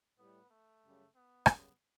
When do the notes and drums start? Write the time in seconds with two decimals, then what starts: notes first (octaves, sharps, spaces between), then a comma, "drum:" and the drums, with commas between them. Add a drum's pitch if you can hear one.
0.18 A2 G3 B3
0.49 A3
0.82 F#2 C#3 G3
1.15 B3
1.46 F#2 C#3 G3, drum: rim click